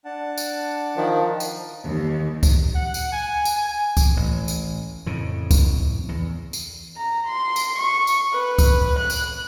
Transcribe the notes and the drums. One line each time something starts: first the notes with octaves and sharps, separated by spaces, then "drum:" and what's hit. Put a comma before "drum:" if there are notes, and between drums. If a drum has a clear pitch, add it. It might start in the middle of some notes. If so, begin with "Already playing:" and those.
D4 F#5 A5
drum: tambourine
D#3 F3
drum: tambourine
D#2
drum: kick C#2, tambourine
F#5
drum: tambourine
G#5
drum: tambourine
G#5
drum: kick C#2, tambourine
A1
drum: tambourine
F2 A2 C#3
drum: kick C#2, tambourine
E2
drum: tambourine
A#5
C6
drum: tambourine
C#6
drum: tambourine
B4
drum: kick C#2, tambourine
F#6
drum: tambourine